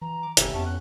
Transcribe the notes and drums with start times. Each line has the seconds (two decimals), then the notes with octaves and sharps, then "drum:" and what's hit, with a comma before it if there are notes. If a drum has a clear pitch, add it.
0.02 E3 A#5
0.23 D6
0.37 F#1 C#2 A2 D3 E4 G4 G#5, drum: hi-hat
0.54 F2 B3 C#4 F#4 A5
0.66 F#6